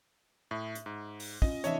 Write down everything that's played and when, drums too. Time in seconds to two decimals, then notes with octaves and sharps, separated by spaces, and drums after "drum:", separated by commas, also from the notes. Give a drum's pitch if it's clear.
0.51 A2 E5
0.75 drum: hi-hat
0.86 G#2
1.20 drum: open hi-hat
1.42 C#4 F4 D#5, drum: kick
1.64 C3 E3 D4 C#5 D#5 E5, drum: hi-hat